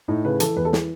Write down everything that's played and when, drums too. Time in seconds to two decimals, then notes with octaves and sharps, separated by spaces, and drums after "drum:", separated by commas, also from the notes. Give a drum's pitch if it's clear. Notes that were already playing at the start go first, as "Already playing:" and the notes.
0.08 A2 D#4
0.24 C#3 B4
0.40 E3 A4, drum: hi-hat
0.56 E2 B4
0.65 A4
0.73 E3 G#4, drum: snare